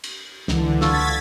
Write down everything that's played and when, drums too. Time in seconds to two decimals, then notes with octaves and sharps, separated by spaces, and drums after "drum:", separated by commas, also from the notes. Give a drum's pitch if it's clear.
0.04 drum: cymbal
0.48 C#2 D3 E3, drum: snare
0.81 F4 F#4 A4 G#6 A6 B6, drum: snare